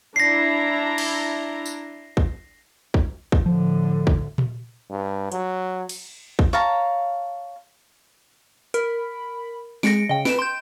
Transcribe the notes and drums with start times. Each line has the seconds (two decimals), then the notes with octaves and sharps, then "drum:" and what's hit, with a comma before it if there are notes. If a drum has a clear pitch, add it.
0.16 D4 E4 A#5 A#6 C7
0.98 drum: cymbal
1.66 drum: tambourine
2.17 drum: kick
2.94 drum: kick
3.32 drum: kick
3.46 A2 D3 F3
4.07 drum: kick
4.38 drum: tom A#2
4.90 G2
5.32 F#3, drum: hi-hat
5.89 drum: cymbal
6.39 drum: kick
6.53 C#5 F5 A5 A#5
8.74 A#4 B5, drum: hi-hat
9.83 G#3 A#6 C#7 D7, drum: snare
10.09 C#3 D#5 G5
10.25 B4 D7 E7, drum: snare
10.39 C6 G6 D7